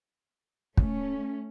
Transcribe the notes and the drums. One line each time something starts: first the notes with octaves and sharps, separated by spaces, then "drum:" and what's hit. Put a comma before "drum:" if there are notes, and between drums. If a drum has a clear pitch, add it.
A3 C#4, drum: kick